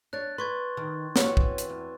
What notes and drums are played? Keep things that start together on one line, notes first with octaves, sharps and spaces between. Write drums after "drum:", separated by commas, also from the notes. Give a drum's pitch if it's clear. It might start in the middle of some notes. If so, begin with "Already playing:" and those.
D4 C#5 F#6 A6
B4 C6 C#6 G#6
D#3
E3 C4 C#4 F#4 C#5, drum: snare
drum: kick
drum: hi-hat
E2